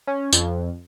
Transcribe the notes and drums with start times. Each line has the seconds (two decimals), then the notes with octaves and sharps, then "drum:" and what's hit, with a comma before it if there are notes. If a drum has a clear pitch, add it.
0.07 C#4
0.33 F2, drum: tambourine